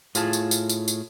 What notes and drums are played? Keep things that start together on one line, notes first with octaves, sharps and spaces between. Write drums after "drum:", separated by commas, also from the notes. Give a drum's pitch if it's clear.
A2 F4 G#4 A5, drum: tambourine
drum: tambourine
drum: tambourine
drum: tambourine
drum: tambourine